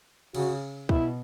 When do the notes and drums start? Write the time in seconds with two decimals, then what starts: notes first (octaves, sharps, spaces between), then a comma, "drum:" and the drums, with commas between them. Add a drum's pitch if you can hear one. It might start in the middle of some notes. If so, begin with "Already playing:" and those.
0.35 C#3 F#4, drum: cymbal
0.89 B2 E4, drum: kick